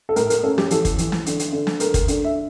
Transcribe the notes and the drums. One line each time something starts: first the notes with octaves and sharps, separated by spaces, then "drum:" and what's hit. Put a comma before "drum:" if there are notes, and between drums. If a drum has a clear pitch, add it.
A4
A2 A#4, drum: hi-hat
A#4, drum: hi-hat
C#4 A4
G4, drum: snare
E3 A4, drum: hi-hat
drum: kick, hi-hat
E3, drum: hi-hat
drum: snare
D3, drum: hi-hat
drum: hi-hat
D3
drum: snare
A3 A#4, drum: hi-hat
drum: kick, hi-hat
D3, drum: hi-hat
E5